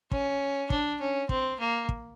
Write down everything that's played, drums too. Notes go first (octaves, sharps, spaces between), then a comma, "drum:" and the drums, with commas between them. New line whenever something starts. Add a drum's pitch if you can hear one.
C#4, drum: kick
D4, drum: kick
C#4
C4, drum: kick
A#3
drum: kick